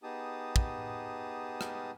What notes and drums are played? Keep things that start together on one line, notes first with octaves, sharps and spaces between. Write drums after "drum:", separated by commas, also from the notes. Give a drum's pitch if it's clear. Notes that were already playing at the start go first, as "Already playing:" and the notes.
B3 D#4 G4 G#4 A5 D#6
drum: kick
drum: rim click